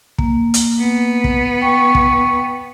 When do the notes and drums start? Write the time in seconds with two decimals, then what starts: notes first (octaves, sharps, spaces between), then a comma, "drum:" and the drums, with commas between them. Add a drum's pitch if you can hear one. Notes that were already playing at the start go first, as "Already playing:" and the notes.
0.18 A#3, drum: kick
0.54 drum: hi-hat
0.80 B3
1.24 drum: kick
1.61 G5 C#6
1.95 drum: kick